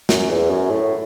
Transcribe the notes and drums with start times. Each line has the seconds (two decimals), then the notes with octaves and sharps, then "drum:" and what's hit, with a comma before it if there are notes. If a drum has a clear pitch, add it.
0.09 F#2, drum: snare
0.30 E2
0.50 F#2
0.71 A2